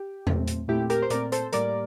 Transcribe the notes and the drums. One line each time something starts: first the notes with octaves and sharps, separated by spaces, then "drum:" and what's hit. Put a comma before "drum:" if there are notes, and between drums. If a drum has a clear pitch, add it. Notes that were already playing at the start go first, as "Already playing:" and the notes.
Already playing: G4
A#2 A3 C4, drum: tom E2
drum: hi-hat
A#2 A3 C4 E4 G4
G4 A#4, drum: hi-hat
C5
A#2 A3 C4 A#4 D5, drum: hi-hat
A4 C5, drum: hi-hat
A2 G3 A#3 A#4 D5, drum: hi-hat